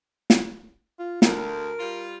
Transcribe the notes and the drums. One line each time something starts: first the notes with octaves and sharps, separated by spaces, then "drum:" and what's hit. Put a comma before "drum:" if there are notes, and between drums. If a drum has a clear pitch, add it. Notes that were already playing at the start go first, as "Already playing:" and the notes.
drum: snare
F4
D2 A#4, drum: snare
G3 F4